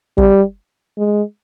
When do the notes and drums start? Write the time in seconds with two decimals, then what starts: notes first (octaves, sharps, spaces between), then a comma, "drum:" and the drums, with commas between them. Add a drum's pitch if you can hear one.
0.18 G3, drum: kick
0.98 G#3